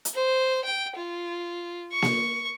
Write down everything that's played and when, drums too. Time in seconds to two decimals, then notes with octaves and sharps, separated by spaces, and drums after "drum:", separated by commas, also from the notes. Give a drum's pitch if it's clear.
0.05 drum: hi-hat
0.14 C5
0.65 G5
0.96 F4
1.92 C#6
2.02 drum: snare A#3